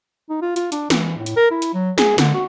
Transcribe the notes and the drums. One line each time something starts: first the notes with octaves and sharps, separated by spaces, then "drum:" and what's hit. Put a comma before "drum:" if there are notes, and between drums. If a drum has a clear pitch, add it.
D#4
F4
F4, drum: hi-hat
D4, drum: hi-hat
E3, drum: snare
A2
drum: hi-hat
A#4
E4
drum: hi-hat
F#3
G#4, drum: snare
D3, drum: snare
F#4